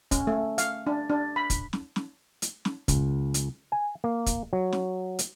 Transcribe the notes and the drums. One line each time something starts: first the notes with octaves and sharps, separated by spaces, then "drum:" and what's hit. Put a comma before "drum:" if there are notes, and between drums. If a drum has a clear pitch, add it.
C#4, drum: kick, hi-hat
A3
F5, drum: hi-hat
D4
D4
B5
drum: kick, hi-hat
drum: snare
drum: snare
drum: hi-hat
drum: snare
C#2, drum: kick, hi-hat
drum: hi-hat
G#5
A#3
drum: kick, hi-hat
F#3
drum: snare
drum: hi-hat